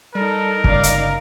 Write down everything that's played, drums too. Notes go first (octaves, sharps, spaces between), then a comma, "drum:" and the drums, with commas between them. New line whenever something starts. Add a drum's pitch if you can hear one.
G3 D#4 A4 A#4
G1 C#3 D#4 D5 F5, drum: kick
drum: hi-hat